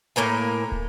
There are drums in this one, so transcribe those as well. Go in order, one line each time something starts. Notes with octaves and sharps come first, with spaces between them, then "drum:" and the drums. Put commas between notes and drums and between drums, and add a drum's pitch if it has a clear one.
A2 A#3 A#4 G#5
drum: kick